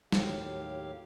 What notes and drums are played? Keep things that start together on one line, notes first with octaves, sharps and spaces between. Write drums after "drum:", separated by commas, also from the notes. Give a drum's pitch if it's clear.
D#2 A2 F#3 G4 F5, drum: snare